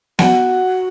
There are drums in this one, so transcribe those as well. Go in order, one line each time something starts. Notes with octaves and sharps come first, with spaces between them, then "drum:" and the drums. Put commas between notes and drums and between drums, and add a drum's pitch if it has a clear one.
F#4 F#5, drum: snare B3